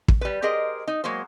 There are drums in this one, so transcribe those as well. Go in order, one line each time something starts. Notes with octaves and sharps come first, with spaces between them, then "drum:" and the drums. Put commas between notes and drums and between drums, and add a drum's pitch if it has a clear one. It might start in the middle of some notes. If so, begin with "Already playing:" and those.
drum: kick
G3 B4
G4 G#4 A#4 C5 D#5
D#4
F#3 G#3 A#3 C5